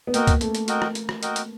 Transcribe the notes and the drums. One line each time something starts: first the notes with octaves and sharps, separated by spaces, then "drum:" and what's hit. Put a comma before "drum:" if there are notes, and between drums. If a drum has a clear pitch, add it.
B3
A#3 F#4 A#4 D#5 G5, drum: hi-hat
drum: kick, hi-hat
A3, drum: hi-hat
drum: hi-hat
F#4 A#4 D#5 G5, drum: hi-hat
drum: rim click
drum: hi-hat
drum: rim click
F#4 A#4 D#5 G5, drum: hi-hat
drum: hi-hat